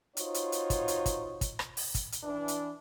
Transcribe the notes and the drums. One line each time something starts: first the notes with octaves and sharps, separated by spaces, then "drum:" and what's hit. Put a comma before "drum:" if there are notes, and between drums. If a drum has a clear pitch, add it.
D#4 F4 F#4 C5 C#5, drum: hi-hat
drum: hi-hat
drum: hi-hat
drum: kick, hi-hat
drum: hi-hat
drum: kick, hi-hat
drum: kick, hi-hat
drum: rim click
drum: open hi-hat
drum: kick, hi-hat
drum: hi-hat
E3 D4
drum: hi-hat